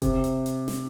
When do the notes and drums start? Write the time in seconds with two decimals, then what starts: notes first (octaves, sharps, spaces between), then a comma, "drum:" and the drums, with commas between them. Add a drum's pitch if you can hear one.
0.02 C3, drum: kick F1, hi-hat
0.24 drum: hi-hat
0.46 drum: hi-hat
0.68 drum: snare